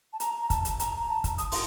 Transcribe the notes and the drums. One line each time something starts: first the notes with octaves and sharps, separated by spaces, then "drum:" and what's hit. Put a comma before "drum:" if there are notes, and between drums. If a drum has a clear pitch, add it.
A5
A#5, drum: hi-hat
A#5
A5, drum: kick, hi-hat
drum: hi-hat
A#5, drum: hi-hat
A#5
A5
drum: kick, hi-hat
D#6, drum: hi-hat
C6, drum: open hi-hat